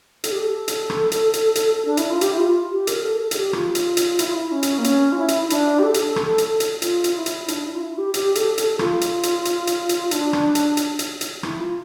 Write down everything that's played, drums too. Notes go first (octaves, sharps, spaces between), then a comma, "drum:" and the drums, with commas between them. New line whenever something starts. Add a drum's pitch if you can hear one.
A4, drum: hi-hat
G4
A4
drum: hi-hat
drum: rim click
drum: hi-hat
drum: hi-hat
drum: hi-hat
D4
E4, drum: hi-hat
F4
G4, drum: hi-hat
E4
F4
G4
A#4, drum: hi-hat
A4
A4
A4, drum: hi-hat
G4
F4, drum: rim click
drum: hi-hat
drum: hi-hat
E4, drum: hi-hat
F4
E4
C#4
drum: hi-hat
A#3
C#4, drum: hi-hat
F4
E4
drum: hi-hat
E4
D4, drum: hi-hat
G4
A4
drum: hi-hat
drum: rim click
drum: hi-hat
drum: hi-hat
F4, drum: hi-hat
drum: hi-hat
E4
drum: hi-hat
D4, drum: hi-hat
E4
F4
E4
G4
G4, drum: hi-hat
A4, drum: hi-hat
A4, drum: hi-hat
F4, drum: rim click
drum: hi-hat
drum: hi-hat
drum: hi-hat
drum: hi-hat
drum: hi-hat
D4, drum: hi-hat
drum: rim click
drum: hi-hat
drum: hi-hat
drum: hi-hat
drum: hi-hat
E4, drum: rim click
F4